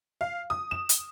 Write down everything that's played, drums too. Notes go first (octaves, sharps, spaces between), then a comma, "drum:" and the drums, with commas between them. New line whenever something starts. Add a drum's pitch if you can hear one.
F5
D#6
E7
drum: hi-hat